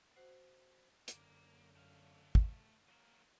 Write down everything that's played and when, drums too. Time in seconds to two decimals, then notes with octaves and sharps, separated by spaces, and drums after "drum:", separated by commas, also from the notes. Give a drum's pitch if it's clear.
0.16 F#4 C5 F#5
1.08 F#2 D3 A#3, drum: hi-hat
1.76 A3 F5
2.35 drum: kick
2.88 F#3 A#3